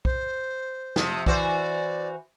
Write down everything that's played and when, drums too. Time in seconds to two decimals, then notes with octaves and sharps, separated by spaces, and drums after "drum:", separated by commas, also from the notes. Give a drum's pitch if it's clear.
0.05 C5, drum: kick B1
0.96 C3 F3, drum: snare
1.26 E3 F#4 C5 D5, drum: kick B1